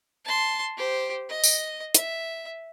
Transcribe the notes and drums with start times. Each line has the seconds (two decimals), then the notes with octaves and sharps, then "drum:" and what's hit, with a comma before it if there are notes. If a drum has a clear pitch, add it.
0.25 A5 C6
0.77 G4 C5
1.29 D#5
1.44 drum: tambourine
1.95 E5, drum: hi-hat